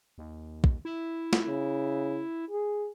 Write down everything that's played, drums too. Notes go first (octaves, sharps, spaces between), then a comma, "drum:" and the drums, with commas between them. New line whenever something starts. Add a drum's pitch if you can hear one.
D#2
drum: kick
E4
drum: snare
C#3
G#4